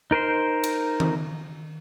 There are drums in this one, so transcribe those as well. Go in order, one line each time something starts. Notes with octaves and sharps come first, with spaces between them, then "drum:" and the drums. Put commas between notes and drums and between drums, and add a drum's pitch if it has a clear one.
D#4 A#4 C5 C6
drum: cymbal
drum: tom D#3